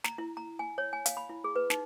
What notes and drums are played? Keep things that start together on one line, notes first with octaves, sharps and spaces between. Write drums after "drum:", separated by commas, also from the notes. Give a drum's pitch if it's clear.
A#5, drum: snare
E4
A#5
G#5
C#5
G#5
F5, drum: hi-hat
B5
E4
G#4
B4
D#4, drum: snare